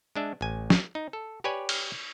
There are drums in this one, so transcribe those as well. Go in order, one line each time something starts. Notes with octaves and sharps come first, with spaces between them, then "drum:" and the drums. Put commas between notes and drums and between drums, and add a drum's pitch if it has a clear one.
G#3 D4 E5
A1 G#5
drum: snare
D#4
A4
G4 B4 C#5 D5 G#5
drum: cymbal